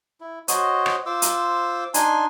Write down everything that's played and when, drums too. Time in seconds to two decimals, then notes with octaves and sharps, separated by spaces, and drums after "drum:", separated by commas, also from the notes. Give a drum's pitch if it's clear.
0.20 E4
0.48 F#4 C5 C#5 D#5, drum: hi-hat
0.86 drum: rim click
1.06 F4 C5 D6 E6
1.22 drum: hi-hat
1.94 D4 D#4 G#5 C6, drum: hi-hat